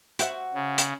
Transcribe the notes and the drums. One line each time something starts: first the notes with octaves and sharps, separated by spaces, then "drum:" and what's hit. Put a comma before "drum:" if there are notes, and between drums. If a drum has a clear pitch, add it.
F#4 C5 E5, drum: hi-hat
C#3
drum: hi-hat